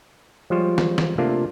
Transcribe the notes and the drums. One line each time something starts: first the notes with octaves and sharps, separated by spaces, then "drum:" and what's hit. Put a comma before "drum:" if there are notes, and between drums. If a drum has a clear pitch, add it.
F3 G3 G#3 F4 C5 C#5
drum: snare
drum: snare
C3 A3 A#3 D4 F4